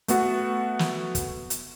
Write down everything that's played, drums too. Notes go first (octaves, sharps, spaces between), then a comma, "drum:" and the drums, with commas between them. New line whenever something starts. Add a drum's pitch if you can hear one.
A3 B3 F#4, drum: hi-hat
drum: snare
drum: kick, hi-hat
drum: hi-hat